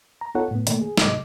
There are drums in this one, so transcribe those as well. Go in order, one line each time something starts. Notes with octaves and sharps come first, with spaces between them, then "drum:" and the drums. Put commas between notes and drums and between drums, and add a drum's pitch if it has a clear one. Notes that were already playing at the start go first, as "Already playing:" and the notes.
A#5
B3 D#4 F4 A4 C#5 F#5
A2 B3
B2 D#3 A3 A#3, drum: hi-hat
G#4
G#2 C3 F#3 G#3 D#5 D6, drum: snare